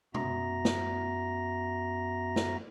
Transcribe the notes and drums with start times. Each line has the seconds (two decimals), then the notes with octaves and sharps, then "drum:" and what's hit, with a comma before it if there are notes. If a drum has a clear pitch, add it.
0.14 F#2 B3 F#4 E5 A#5 A#6, drum: tom
0.65 drum: snare
2.36 drum: snare